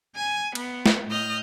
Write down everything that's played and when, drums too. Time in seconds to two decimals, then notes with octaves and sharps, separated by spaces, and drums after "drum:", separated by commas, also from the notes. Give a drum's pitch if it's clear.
0.16 G#5
0.55 B3, drum: cymbal
0.86 drum: snare
1.08 A2 D#5 F6 G6